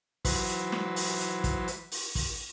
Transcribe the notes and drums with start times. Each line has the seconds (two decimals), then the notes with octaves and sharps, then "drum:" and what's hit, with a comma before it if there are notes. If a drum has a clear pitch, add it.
0.25 E3 F#3 B4 C5, drum: kick, open hi-hat
0.48 drum: hi-hat
0.72 drum: snare
0.96 drum: open hi-hat
1.20 drum: hi-hat
1.44 drum: kick, hi-hat
1.68 drum: hi-hat
1.92 drum: open hi-hat
2.15 drum: kick, open hi-hat